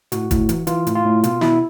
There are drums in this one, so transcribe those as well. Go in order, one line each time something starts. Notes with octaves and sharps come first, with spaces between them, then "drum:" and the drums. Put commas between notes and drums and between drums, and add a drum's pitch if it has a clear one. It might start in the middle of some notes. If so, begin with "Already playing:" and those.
A2 F#4, drum: hi-hat
A2, drum: kick, hi-hat
E3, drum: hi-hat
E3 F4, drum: hi-hat
A2, drum: hi-hat
F4
A2
B2 F4, drum: hi-hat
B2 E4, drum: snare